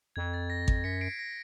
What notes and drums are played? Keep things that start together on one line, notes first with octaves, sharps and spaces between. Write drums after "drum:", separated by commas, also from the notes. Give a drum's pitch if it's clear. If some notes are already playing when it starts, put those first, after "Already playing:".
F2 G#6
A6
A#6
A#6, drum: kick G#1
F#2 B6 C#7
C7 D7
A#6